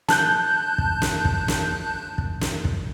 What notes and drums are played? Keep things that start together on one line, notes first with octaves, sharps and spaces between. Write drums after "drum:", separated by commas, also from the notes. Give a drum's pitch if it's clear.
A5 F#6 G6, drum: snare
drum: kick
drum: snare
drum: kick
drum: snare
drum: kick
drum: snare
drum: kick